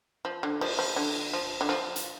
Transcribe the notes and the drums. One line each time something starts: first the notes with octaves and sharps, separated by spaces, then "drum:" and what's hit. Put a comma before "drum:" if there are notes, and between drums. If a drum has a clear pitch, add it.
F3
D3
F3, drum: cymbal
F3
D3
F3
D3
F3
drum: hi-hat